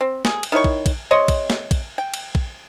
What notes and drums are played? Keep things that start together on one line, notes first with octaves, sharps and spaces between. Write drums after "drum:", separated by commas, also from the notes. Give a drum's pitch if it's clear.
C4
G#4, drum: snare
drum: cymbal
D#3 E4 C#5 C#6
drum: kick
drum: kick, cymbal
C3 C#5 D#5 C6
drum: kick, cymbal
drum: snare
drum: kick, cymbal
G5
drum: cymbal
drum: kick